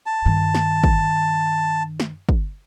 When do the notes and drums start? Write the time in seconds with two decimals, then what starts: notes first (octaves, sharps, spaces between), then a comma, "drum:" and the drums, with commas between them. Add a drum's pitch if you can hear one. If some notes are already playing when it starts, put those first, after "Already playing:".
0.06 A5
0.26 G2 D#3
0.55 drum: snare
0.84 drum: kick
2.00 drum: snare
2.29 drum: kick